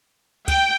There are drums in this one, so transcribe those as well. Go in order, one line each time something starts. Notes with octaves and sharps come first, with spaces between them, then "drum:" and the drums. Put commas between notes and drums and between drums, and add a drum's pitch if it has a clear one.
G5, drum: kick, cymbal